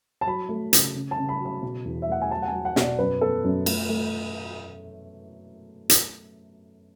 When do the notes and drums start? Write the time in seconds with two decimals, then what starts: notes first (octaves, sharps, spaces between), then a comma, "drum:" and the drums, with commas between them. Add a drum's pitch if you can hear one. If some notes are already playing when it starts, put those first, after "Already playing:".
0.21 A5
0.26 F#3 B5
0.49 A3
0.73 C#3, drum: hi-hat
0.95 C#3
1.11 A5
1.18 C#3
1.29 B5
1.40 F#3
1.45 B5
1.62 B2
1.85 E2
2.02 E5
2.08 A3 F#5
2.22 G#5
2.31 F#3 A5
2.42 F#5
2.47 G#5
2.53 F#3
2.65 F#5
2.76 B2, drum: snare
2.82 D5
2.99 F#2 B4
3.21 B3 A4
3.44 F#2
3.66 A3, drum: cymbal
3.89 A3
5.89 drum: hi-hat